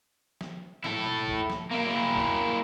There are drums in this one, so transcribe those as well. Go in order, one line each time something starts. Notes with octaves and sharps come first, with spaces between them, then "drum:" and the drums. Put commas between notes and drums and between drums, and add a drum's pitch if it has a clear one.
drum: snare
E4 A4, drum: snare
drum: tom B2
drum: kick
drum: snare
A#3 E4
drum: kick